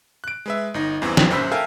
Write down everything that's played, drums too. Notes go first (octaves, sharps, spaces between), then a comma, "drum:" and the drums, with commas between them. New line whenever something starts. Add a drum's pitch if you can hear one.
F#6 D7
G#3 B4 E5
G1 D#4 A#6
E2 G2 E3 C4
drum: snare
A#1 F#2 C5 B5 E6 B6
A4 A#4 E5 F5 G5 G#5